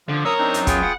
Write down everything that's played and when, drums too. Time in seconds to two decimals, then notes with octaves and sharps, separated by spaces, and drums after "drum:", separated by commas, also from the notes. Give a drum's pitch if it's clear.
0.09 D3 F3
0.25 F#2 A#4 C#5 D#6 E6
0.39 C4 D4 D#4
0.54 drum: hi-hat
0.67 B3 F4 G#4 G5, drum: kick, hi-hat
0.84 F#5